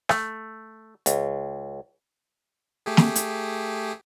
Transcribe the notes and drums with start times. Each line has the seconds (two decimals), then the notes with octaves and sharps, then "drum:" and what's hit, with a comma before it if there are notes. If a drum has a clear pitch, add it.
0.09 A3, drum: rim click
1.06 C#2, drum: hi-hat
2.86 A3 G4 G#4
2.97 drum: snare
3.16 drum: hi-hat